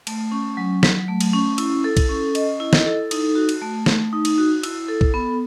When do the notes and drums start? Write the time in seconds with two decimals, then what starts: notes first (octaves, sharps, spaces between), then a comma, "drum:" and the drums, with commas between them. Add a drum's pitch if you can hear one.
0.07 A3, drum: cymbal
0.32 C#4
0.57 F#3
0.83 F#3, drum: snare
1.08 A3
1.21 drum: cymbal
1.33 C#4
1.58 E4, drum: cymbal
1.84 A4
1.97 drum: kick, cymbal
2.09 C#4
2.35 D#5, drum: cymbal
2.60 E4
2.73 drum: snare
2.85 A4
3.11 D#4, drum: cymbal
3.35 F#4
3.49 drum: cymbal
3.62 A3
3.86 A3, drum: snare
4.13 D#4
4.25 drum: cymbal
4.38 F#4
4.63 E4, drum: cymbal
4.88 A4
5.01 drum: kick
5.14 B3